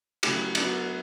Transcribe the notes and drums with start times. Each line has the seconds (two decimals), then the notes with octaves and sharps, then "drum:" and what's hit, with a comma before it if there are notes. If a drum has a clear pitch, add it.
0.23 C#3 F#3 A3 E4 G4, drum: cymbal
0.55 F#3 B3 D4 F#4, drum: cymbal